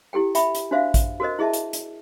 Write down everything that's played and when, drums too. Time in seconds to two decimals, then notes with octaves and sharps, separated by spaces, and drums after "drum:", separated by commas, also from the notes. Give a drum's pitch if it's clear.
0.13 E4 G4 A4 G5
0.35 E5 G5 B5, drum: hi-hat
0.55 drum: hi-hat
0.71 D4 F#4 C5 E5 F5
0.94 drum: kick A1, hi-hat
1.20 F#4 A4 A#4 C5 D#5
1.39 E4 G#4 D#5 E5 A5
1.53 drum: hi-hat
1.73 drum: hi-hat